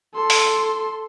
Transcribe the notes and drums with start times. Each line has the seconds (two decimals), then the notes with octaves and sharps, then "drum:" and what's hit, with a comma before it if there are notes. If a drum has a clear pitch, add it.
0.14 A4 C6
0.30 drum: open hi-hat